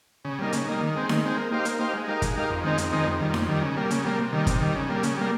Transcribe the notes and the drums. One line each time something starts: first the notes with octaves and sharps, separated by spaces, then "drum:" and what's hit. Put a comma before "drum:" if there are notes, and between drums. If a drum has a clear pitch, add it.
C#3
G3 A#3 D#4
C#3, drum: hi-hat
G3 A#3 D#4
D#3
G#3 C4
D#3, drum: snare D#4
G#3 C4
A#3
D#4 G4 C5 F5
A#3, drum: hi-hat
D#4 G4 C5 F5
G#3
D#4 G4 A#4 F5
G#3, drum: kick, hi-hat
D#4 G4 A#4 F5
F2
D#3 G#3 C4 D#4
F2, drum: hi-hat
D#3 G#3 C4 D#4
F2
D#3 G3
F2, drum: snare D#4
D#3 G3
C#3
G3 A#3
C#3, drum: hi-hat
G3 A#3
C3
D#3 G3
C3, drum: kick, hi-hat
D#3 G3
C#3
G3 A#3
C#3, drum: hi-hat
G3 A#3